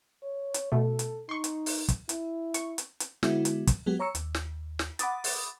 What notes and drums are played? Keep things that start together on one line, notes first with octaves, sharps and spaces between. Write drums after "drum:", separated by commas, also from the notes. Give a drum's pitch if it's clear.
C#5
drum: hi-hat
B2 A3 A4
drum: hi-hat
D#4 C6 C#6
drum: hi-hat
drum: open hi-hat
drum: kick, hi-hat
E4, drum: hi-hat
C#6, drum: hi-hat
drum: hi-hat
drum: hi-hat
D3 G#3 B3 E4 F#4, drum: snare
drum: hi-hat
drum: kick, hi-hat
F#3 G#3 B3 F#4 G4
C#5 A#5 C#6 E6 C#7
D#2, drum: hi-hat
drum: snare
drum: snare
F#5 B5 D6 D#6 A6, drum: hi-hat
drum: open hi-hat